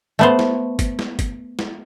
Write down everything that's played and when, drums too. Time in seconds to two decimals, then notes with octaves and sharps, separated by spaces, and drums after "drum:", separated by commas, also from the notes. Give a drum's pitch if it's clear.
0.19 A3 B3 C5
0.39 drum: snare
0.79 drum: kick, hi-hat
0.99 drum: snare
1.19 drum: kick, hi-hat
1.59 drum: snare